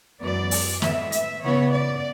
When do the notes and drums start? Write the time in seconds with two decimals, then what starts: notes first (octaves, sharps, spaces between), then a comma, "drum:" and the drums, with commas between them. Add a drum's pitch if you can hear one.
0.21 F#2 E3 G#3 B3 D5
0.51 drum: open hi-hat
0.82 A2 E3 G#3 B3 E5, drum: snare
1.12 E5, drum: hi-hat
1.42 C#3 E3 B3 C#5
1.72 D5